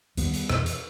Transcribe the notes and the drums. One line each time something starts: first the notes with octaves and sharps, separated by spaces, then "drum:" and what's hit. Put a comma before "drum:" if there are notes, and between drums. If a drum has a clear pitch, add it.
D#2 G3 B3, drum: hi-hat
drum: hi-hat
E2 B2, drum: rim click
drum: hi-hat